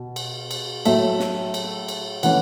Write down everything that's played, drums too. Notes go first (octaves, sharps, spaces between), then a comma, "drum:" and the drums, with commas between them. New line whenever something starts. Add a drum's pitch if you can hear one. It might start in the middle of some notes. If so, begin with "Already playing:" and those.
Already playing: B2
drum: cymbal
drum: cymbal
A2 F#3 A3 E5, drum: cymbal
drum: snare
drum: cymbal
drum: cymbal
E3 A3 C#4 F#5, drum: cymbal